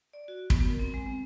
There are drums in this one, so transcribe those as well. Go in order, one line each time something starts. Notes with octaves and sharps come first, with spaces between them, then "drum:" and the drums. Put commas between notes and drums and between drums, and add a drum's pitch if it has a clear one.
D5
F#4
B3, drum: kick
A#4
C4
G#3
C4